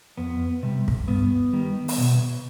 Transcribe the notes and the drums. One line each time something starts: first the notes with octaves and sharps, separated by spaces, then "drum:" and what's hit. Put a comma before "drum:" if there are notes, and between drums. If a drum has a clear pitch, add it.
F2 B3
C3 G3
drum: kick
G2 B3
D#3 G3
drum: open hi-hat
B2